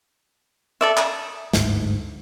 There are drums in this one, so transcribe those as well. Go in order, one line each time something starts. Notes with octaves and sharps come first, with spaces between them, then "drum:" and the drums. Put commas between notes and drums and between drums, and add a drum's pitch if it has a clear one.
A4 D5 E5
D#6, drum: clap
G1 D2 G#2, drum: snare